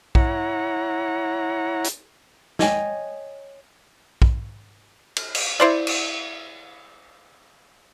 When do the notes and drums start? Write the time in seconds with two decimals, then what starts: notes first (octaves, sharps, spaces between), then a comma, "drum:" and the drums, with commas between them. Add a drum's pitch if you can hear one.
0.15 E4 C#5 F#5 A#5, drum: kick
1.84 drum: hi-hat
2.59 C#5 D#5 G5 G#5, drum: snare
4.22 drum: kick
5.16 drum: cymbal
5.35 drum: cymbal
5.60 E4 C5 D5
5.87 drum: cymbal